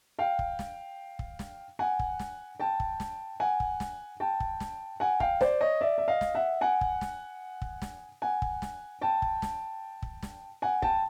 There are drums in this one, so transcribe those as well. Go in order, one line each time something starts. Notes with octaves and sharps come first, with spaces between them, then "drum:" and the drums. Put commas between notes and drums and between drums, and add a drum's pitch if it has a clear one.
F5 G5
drum: kick
drum: snare
drum: kick
drum: snare
F#5 G#5
drum: kick
drum: snare
G5 A5
drum: kick
drum: snare
F#5 G#5
drum: kick
drum: snare
G5 A5
drum: kick
drum: snare
F#5 G#5
F5 G5, drum: kick
C5 D5, drum: snare
C#5 D#5
D5 E5
E5
D#5 F5
drum: snare
E5 F#5
F#5 G#5
drum: kick
drum: snare
drum: kick
drum: snare
F#5 G#5
drum: kick
drum: snare
G5 A5
drum: kick
drum: snare
drum: kick
drum: snare
F#5 G#5
G5 A5, drum: kick